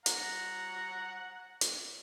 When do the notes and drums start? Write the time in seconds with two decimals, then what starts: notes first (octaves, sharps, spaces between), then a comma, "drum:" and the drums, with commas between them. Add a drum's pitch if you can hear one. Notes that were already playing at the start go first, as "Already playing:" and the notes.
0.06 F#5 A#5, drum: hi-hat
1.61 drum: hi-hat